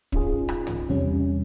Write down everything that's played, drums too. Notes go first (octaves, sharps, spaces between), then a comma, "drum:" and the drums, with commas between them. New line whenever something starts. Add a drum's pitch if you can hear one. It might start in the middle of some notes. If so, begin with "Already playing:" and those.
C#4 D#4 F4 G#4, drum: kick
drum: rim click
drum: tom
E2 C3 G3 C#4